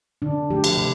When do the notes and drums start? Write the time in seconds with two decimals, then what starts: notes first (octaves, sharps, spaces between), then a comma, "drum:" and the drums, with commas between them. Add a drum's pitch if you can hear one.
0.22 D3 D4
0.50 F3 A3 G4
0.64 drum: cymbal
0.77 C3